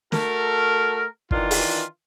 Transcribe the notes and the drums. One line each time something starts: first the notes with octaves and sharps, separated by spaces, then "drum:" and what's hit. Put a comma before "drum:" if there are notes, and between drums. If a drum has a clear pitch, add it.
A3 F#4 A4 A#4, drum: snare
D#3 E3 D4 F4, drum: kick
drum: open hi-hat